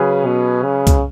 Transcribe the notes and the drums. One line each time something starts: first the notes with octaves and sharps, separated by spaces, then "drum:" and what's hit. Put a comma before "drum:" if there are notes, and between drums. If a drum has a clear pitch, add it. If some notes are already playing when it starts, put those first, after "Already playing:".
Already playing: C#3 F#3 C#4 G#4 B4
B2
C#3
drum: kick C2, hi-hat